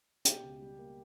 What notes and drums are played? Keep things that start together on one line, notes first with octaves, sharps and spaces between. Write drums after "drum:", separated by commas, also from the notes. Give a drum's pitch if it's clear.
B2 G4 G5, drum: hi-hat
C#2
G3
A#3